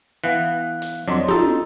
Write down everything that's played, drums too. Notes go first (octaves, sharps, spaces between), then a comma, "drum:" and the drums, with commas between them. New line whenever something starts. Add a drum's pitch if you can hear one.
E3 B3 F5 F#6
drum: hi-hat
F2 F#3 D4 D#5 C6
D#4 F4 A4, drum: tom